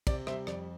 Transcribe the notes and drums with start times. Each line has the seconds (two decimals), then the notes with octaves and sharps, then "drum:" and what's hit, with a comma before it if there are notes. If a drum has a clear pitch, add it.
0.07 C3 D5, drum: kick, cymbal
0.27 G3 C5 E5, drum: rim click
0.47 F2 D5, drum: rim click